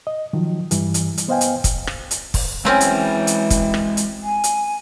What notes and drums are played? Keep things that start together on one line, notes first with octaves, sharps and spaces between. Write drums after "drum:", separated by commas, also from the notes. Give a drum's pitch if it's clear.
D#5
D#3 F3 F#3
G2 E3 G3, drum: hi-hat
drum: hi-hat
drum: hi-hat
B3 C5 D#5 F5 G5 G#5
drum: hi-hat
drum: kick, hi-hat
drum: rim click
drum: hi-hat
drum: kick, open hi-hat
E3 F#3 G#3 C4 C#4 G5
drum: hi-hat
drum: hi-hat
drum: kick, hi-hat
drum: rim click
drum: hi-hat
G#5
drum: hi-hat